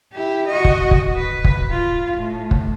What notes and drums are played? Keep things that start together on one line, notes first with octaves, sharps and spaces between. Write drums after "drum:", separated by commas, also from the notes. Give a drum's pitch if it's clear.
E4 G4
F#4 D#5
drum: kick
drum: kick
B4
drum: kick
F4
A2
drum: kick